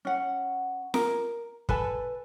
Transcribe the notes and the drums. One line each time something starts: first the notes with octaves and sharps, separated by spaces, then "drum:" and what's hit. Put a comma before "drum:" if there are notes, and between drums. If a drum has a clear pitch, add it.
C#4 F#5
A#4, drum: snare F4
A4 B4 G#5 A5, drum: kick